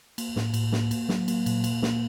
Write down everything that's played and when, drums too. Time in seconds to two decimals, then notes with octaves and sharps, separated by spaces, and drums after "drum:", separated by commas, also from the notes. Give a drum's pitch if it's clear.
0.18 A#3, drum: cymbal
0.36 A2, drum: snare
0.54 A2, drum: cymbal
0.72 A#3, drum: snare
0.91 A#3, drum: cymbal
1.09 F#3, drum: snare
1.28 A#3, drum: cymbal
1.46 A#2, drum: cymbal
1.64 A#3, drum: cymbal
1.82 A#3, drum: snare